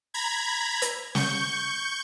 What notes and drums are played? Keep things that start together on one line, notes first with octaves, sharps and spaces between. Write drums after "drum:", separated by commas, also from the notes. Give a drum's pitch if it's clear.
A#5 B5 G#6
drum: hi-hat
C#6 G6, drum: snare